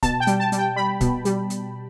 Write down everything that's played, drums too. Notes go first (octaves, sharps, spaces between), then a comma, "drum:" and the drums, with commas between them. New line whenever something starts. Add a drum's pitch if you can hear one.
B2 A5, drum: kick C#1, hi-hat
G5
G3, drum: hi-hat
A5
G3, drum: hi-hat
G5
G3 B5
B2, drum: kick C#1, hi-hat
G3, drum: hi-hat
drum: hi-hat